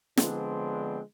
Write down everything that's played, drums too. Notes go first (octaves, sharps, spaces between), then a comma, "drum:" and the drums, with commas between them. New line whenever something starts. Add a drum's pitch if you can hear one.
D3 F3 G#3 B3 C4 D4, drum: snare